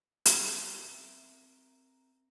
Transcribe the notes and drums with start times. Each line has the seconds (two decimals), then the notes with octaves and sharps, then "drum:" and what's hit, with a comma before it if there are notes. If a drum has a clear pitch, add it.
0.26 drum: hi-hat
0.50 C4 A#4 E5